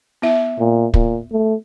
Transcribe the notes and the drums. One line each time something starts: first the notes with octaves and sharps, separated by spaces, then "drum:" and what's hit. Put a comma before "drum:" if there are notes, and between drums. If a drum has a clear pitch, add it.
B3 E4 E5
A#2
A#2, drum: kick
A3